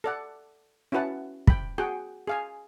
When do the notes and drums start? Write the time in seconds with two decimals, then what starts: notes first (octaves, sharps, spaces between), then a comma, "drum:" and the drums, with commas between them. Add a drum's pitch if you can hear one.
0.04 A4 D5 F#5
0.92 C#4 E4 F#4 B4 F#5 A5
1.47 G5 B5, drum: kick
1.78 F#4 G#4 F#5 G5
2.27 G#4 F5 G#5